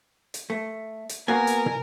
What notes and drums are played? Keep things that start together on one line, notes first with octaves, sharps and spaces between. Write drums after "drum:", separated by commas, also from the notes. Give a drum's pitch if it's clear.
drum: hi-hat
A3
drum: hi-hat
A#3 B3 F#4 A#4 G#5
drum: hi-hat
drum: tom